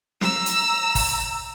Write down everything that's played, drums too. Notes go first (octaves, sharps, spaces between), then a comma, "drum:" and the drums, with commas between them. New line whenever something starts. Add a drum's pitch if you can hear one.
A#5 E6, drum: snare
drum: hi-hat
drum: kick, open hi-hat